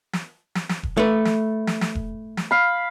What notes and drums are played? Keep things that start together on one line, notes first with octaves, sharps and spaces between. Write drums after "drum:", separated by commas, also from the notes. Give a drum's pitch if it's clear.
drum: snare
drum: snare
drum: snare
drum: kick E1
A3 B4
drum: snare
drum: snare
drum: snare
drum: kick E1
drum: snare
F5 B5